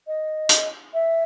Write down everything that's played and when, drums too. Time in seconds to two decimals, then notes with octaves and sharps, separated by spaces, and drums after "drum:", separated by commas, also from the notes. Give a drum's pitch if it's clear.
0.07 D#5
0.49 drum: hi-hat
0.94 E5